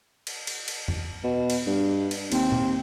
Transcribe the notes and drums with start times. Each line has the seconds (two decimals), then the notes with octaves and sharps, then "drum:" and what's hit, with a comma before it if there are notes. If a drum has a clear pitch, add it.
0.27 drum: cymbal
0.47 drum: cymbal
0.68 drum: cymbal
0.88 drum: tom E2
1.24 B2
1.50 drum: cymbal
1.67 G2
2.11 drum: cymbal
2.32 D#2 C4, drum: cymbal
2.52 drum: tom A#2